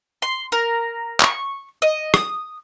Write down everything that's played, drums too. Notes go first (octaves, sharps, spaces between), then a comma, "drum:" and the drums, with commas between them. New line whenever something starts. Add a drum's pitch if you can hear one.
C6
A#4
C#6, drum: clap
D#5
D#6, drum: rim click